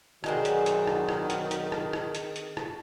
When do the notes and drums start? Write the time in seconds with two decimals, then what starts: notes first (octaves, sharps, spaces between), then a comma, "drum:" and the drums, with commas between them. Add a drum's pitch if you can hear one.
0.24 B1 D3 D#3 G#3 C4 F#4, drum: rim click
0.45 drum: hi-hat
0.66 drum: hi-hat
0.87 drum: rim click
1.09 drum: rim click
1.30 drum: hi-hat
1.51 drum: hi-hat
1.72 drum: rim click
1.93 drum: rim click
2.15 drum: hi-hat
2.36 drum: hi-hat
2.57 drum: rim click